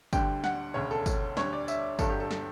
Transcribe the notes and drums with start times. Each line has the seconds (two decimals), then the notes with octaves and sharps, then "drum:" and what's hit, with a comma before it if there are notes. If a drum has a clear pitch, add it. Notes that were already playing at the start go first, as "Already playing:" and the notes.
0.13 D2 D3 G3 G5, drum: kick, tambourine
0.44 F#5, drum: snare
0.74 E1 D2 C#3 C#5
0.91 A4
1.06 drum: kick, tambourine
1.37 D2 D3 G3 C#5, drum: snare
1.53 D5
1.68 E5, drum: tambourine
1.99 G1 G2 D3 F#3 A4, drum: kick, tambourine
2.10 G4
2.20 A4
2.31 A4, drum: snare